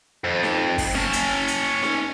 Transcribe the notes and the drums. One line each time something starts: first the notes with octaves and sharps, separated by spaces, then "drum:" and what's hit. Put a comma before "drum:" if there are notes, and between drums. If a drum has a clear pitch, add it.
F2
drum: snare D#4
drum: kick, open hi-hat
C#4 A5
drum: hi-hat
drum: hi-hat
drum: snare D#4